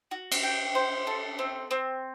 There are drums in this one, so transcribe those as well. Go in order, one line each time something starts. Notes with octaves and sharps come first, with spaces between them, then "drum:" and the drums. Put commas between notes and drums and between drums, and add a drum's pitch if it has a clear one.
F#4
drum: cymbal
G5
C5
A4
C4
C4